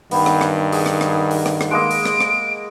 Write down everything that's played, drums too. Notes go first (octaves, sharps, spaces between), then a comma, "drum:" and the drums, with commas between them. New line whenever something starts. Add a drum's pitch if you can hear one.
G2 D#3 B3 G5, drum: open hi-hat
drum: rim click
drum: rim click
G#4 F#5, drum: open hi-hat
drum: rim click
drum: rim click
drum: open hi-hat
drum: rim click
drum: rim click
G#3 A#3 D#5 D7
drum: open hi-hat
drum: rim click
drum: rim click